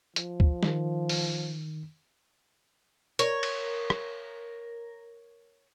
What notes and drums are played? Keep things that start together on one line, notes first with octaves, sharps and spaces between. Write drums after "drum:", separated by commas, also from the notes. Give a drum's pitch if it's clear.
F3, drum: hi-hat
drum: kick
D#3, drum: snare
drum: open hi-hat
A#4 C#5, drum: hi-hat
drum: cymbal
drum: rim click